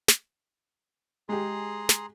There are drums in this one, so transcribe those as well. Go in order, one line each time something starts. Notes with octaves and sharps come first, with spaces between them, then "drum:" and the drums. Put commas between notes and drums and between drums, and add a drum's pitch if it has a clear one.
drum: snare
G#3 G4 G#4 A#5 C6
drum: snare